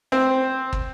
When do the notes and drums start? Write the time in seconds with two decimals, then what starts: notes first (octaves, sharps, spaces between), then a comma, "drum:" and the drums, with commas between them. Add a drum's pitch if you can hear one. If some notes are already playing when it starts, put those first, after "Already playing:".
0.12 C4
0.73 drum: kick